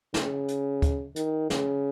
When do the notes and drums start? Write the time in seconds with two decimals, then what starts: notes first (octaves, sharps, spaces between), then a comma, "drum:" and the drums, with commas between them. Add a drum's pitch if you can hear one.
0.14 C#3, drum: snare
0.48 drum: hi-hat
0.82 drum: kick D2, hi-hat
1.16 D#3, drum: hi-hat
1.50 C#3, drum: snare